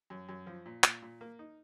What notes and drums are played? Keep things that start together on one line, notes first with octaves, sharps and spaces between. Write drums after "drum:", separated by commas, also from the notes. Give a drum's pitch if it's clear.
F#2
F#2
F3
A#2
A#2, drum: clap
A#2
A#3
D#4